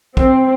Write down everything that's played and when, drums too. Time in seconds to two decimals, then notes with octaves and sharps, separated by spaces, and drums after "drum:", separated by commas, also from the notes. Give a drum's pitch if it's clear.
0.17 C4, drum: kick